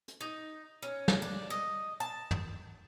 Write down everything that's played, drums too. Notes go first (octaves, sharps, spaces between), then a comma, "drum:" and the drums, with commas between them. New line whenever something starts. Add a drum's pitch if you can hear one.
drum: hi-hat
D#4
C#4
drum: snare
D4
D#5
A5
drum: tom